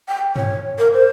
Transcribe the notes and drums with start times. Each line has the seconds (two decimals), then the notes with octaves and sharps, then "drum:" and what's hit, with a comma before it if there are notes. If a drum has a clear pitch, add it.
0.08 G5
0.36 C#5, drum: tom G2
0.78 A#4
0.93 C5